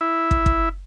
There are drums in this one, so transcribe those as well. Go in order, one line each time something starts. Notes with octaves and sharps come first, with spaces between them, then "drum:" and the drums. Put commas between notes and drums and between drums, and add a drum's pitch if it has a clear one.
E4
drum: kick
drum: kick